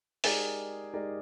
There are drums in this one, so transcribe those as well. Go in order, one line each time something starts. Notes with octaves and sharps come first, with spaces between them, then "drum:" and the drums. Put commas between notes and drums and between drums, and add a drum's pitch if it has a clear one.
G#3 D#4 G4 G#4 A#4 D5, drum: open hi-hat
G#3 D#4 G4 A#4 D5